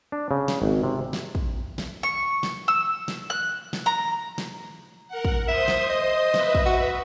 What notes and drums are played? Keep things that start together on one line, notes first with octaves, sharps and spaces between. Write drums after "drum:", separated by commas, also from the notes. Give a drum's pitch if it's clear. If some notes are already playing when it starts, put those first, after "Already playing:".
D4
C#3
drum: snare
G#1
C3
drum: snare
drum: kick
drum: snare
C#6
drum: snare
E6
drum: snare
F#6
drum: snare
A#5
drum: snare
A#4 F#5
drum: kick
C5 E5 C6 D#6
drum: snare
D#5
B4 E5, drum: snare
drum: kick
F#4